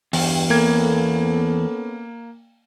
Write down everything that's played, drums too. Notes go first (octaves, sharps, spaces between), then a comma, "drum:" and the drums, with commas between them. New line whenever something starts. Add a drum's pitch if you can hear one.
E2 G2, drum: open hi-hat
A#3 B3 C#4 A4 G#6